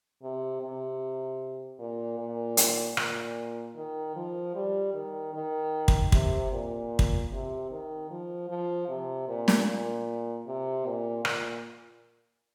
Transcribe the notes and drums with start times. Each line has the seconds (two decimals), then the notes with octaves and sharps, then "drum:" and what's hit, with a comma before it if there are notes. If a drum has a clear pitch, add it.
0.22 C3
0.61 C3
1.79 A#2
2.18 A#2
2.57 drum: hi-hat
2.97 A#2, drum: rim click
3.75 D#3
4.16 F3
4.55 G3
4.94 D#3
5.33 D#3
5.88 drum: kick
6.12 C3, drum: kick
6.52 A#2
6.99 drum: kick
7.32 C3
7.71 D#3
8.10 F3
8.49 F3
8.88 C3
9.28 A#2
9.48 drum: snare
9.67 A#2
10.47 C3
10.86 A#2
11.25 A#2, drum: rim click